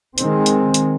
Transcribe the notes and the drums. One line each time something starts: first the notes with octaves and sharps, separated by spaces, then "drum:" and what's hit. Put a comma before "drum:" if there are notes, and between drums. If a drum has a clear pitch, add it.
D#3 G#3 C4, drum: hi-hat
drum: hi-hat
drum: hi-hat